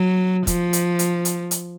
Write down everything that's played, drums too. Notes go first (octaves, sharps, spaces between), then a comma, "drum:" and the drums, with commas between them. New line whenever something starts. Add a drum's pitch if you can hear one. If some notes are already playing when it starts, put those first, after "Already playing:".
Already playing: F#3
F3, drum: kick, hi-hat
drum: hi-hat
drum: hi-hat
drum: hi-hat
drum: hi-hat